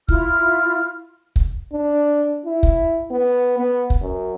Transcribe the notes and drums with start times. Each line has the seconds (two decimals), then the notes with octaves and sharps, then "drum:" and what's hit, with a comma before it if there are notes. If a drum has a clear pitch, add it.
0.08 E4 F4 F6, drum: kick
1.36 drum: kick
1.73 D4
2.46 E4
2.63 drum: kick
3.11 B3
3.58 B3
3.90 drum: kick
4.02 F#2